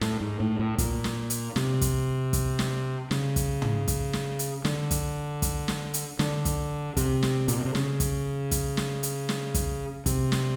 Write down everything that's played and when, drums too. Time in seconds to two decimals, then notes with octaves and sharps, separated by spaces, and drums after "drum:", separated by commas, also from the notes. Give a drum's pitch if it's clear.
0.01 A2, drum: snare
0.21 G#2
0.40 A2
0.59 A2
0.78 A#2, drum: kick, hi-hat
1.04 drum: snare
1.30 drum: hi-hat
1.56 C3, drum: snare
1.81 drum: kick, hi-hat
2.33 drum: kick, hi-hat
2.59 drum: snare
3.11 C#3, drum: snare
3.36 drum: kick, hi-hat
3.62 drum: tom
3.88 drum: kick, hi-hat
4.13 drum: snare
4.39 drum: hi-hat
4.65 D3, drum: snare
4.91 drum: kick, hi-hat
5.42 drum: kick, hi-hat
5.68 drum: snare
5.94 drum: hi-hat
6.19 D3, drum: snare
6.45 drum: kick, hi-hat
6.97 C3, drum: kick, hi-hat
7.23 drum: snare
7.48 A#2, drum: hi-hat
7.57 B2
7.65 C3
7.75 C#3, drum: snare
8.00 drum: kick, hi-hat
8.51 drum: kick, hi-hat
8.77 drum: snare
9.03 drum: hi-hat
9.29 drum: snare
9.54 drum: kick, hi-hat
10.06 C3, drum: kick, hi-hat
10.32 drum: snare